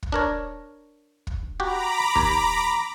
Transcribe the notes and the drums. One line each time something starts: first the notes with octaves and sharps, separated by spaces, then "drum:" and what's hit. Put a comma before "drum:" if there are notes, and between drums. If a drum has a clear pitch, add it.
drum: kick
D4 A#4 C#5
drum: kick
F#4 G4 A#5 B5 D6
D#2, drum: kick